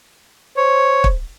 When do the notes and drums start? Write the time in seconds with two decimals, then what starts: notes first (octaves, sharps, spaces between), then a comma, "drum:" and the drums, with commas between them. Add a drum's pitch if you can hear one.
0.57 C5 C#5
1.04 drum: kick